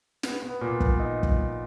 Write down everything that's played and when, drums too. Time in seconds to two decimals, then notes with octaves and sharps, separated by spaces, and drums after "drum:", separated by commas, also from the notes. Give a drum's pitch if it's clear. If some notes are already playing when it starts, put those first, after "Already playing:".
0.23 B3, drum: snare
0.42 B3
0.61 A#2
0.80 B3, drum: kick
0.99 D#4
1.23 drum: kick